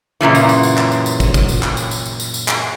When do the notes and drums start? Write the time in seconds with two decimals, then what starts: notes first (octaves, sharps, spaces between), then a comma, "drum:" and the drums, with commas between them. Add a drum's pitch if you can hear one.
0.21 F#2 A#2 C#3 E3
0.35 drum: tambourine
0.49 drum: tambourine
0.63 drum: tambourine
0.77 drum: clap
0.92 drum: tambourine
1.06 drum: tambourine
1.20 drum: kick, tambourine
1.34 drum: kick, tambourine
1.49 drum: tambourine
1.63 drum: clap
1.77 drum: tambourine
1.91 drum: tambourine
2.05 drum: tambourine
2.20 drum: tambourine
2.34 drum: tambourine
2.48 drum: clap